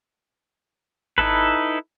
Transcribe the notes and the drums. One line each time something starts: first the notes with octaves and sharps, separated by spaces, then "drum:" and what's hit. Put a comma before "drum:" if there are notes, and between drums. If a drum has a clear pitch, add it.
D#4 E4 A4 B4, drum: kick G#1